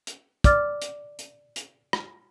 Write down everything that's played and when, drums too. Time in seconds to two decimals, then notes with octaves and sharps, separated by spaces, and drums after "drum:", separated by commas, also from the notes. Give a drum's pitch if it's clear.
0.07 drum: hi-hat
0.44 D5 D6 F6 A6, drum: kick, hi-hat
0.82 drum: hi-hat
1.19 drum: hi-hat
1.56 drum: hi-hat
1.93 drum: rim click